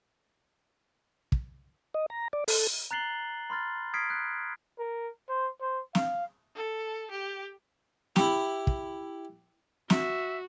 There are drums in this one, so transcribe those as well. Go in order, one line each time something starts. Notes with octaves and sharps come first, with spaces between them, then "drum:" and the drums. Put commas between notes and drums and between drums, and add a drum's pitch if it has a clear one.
drum: kick
D#5
A#5
D5
A4, drum: open hi-hat
A#5 F#6 A6 C7 F#7 G7
B5 C6 F6 A6
D#6 F6 G#6 B6 C7 D7
F#6
A#4
C5
C5
F5, drum: snare
A4
G4
E4 G4, drum: snare
drum: kick
F#4 E5, drum: snare